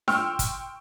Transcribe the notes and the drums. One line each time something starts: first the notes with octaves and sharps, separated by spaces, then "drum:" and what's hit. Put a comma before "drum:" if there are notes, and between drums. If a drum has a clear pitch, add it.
G5 C6 C#6 E6 F6, drum: snare D4
drum: kick, hi-hat